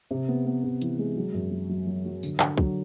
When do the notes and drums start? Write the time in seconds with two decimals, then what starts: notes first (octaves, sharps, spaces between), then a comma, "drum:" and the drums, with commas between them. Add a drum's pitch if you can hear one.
0.11 C3
0.28 B3
0.46 B3
0.63 C3
0.81 E3, drum: hi-hat
0.98 G#3
1.16 F#3
1.34 F#2
1.51 F#3
1.69 F#3
1.87 F#3
2.05 F#3
2.23 D3, drum: tambourine
2.40 D3, drum: clap
2.58 F#3, drum: kick